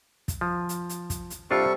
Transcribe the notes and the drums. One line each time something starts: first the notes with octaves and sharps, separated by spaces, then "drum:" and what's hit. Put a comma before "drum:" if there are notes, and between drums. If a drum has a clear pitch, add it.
drum: kick, hi-hat
F3
drum: hi-hat
drum: hi-hat
drum: kick, hi-hat
drum: hi-hat
C3 G3 D4 F4 A4 C#6